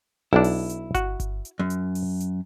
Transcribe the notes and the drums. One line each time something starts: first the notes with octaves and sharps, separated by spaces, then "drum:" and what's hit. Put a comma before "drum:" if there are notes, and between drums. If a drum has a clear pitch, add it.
B1 D4 E4
drum: open hi-hat
drum: hi-hat
F#4, drum: kick G1, hi-hat
drum: kick G1, hi-hat
drum: hi-hat
F#2
drum: hi-hat
drum: open hi-hat
drum: hi-hat